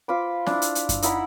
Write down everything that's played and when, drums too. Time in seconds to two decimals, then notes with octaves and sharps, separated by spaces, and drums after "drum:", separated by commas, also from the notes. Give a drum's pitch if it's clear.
0.08 F4 C5 B5 D6
0.46 D4 E4, drum: snare
0.62 drum: hi-hat
0.75 drum: hi-hat
0.89 drum: kick F#2, hi-hat
1.02 D#4 E4 F#5 B5, drum: hi-hat